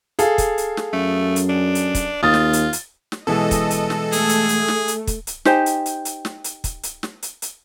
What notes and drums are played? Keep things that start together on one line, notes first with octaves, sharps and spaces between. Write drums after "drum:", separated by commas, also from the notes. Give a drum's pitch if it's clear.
G#4 A4 F5, drum: hi-hat
drum: kick, hi-hat
drum: hi-hat
drum: snare
F#2 A3
drum: hi-hat
D4
drum: hi-hat
drum: kick, hi-hat
D#2 F4 D#6 A6
drum: snare
drum: hi-hat
drum: hi-hat
drum: snare
B2 E3 G#3 A4 D#5
drum: kick, hi-hat
drum: hi-hat
drum: snare
A3 G#4, drum: hi-hat
drum: hi-hat
drum: hi-hat
drum: snare
drum: hi-hat
drum: kick, hi-hat
drum: hi-hat
D#4 G4 C5 G#5, drum: snare
drum: hi-hat
drum: hi-hat
drum: hi-hat
drum: snare
drum: hi-hat
drum: kick, hi-hat
drum: hi-hat
drum: snare
drum: hi-hat
drum: hi-hat